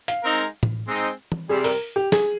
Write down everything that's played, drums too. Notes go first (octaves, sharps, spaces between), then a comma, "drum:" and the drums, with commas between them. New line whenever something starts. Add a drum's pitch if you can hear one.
F5, drum: hi-hat
G#3 C4 D#4 A#4
drum: tom A2
G#3 C4 D#4
drum: tom
C3 G3 C4 G#4
A#4, drum: open hi-hat
G4
G#4, drum: snare